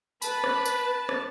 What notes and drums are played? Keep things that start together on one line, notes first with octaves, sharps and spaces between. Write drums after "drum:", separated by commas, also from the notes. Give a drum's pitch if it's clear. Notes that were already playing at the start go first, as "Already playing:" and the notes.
B4 A5 B5, drum: tambourine
drum: rim click
drum: tambourine
drum: rim click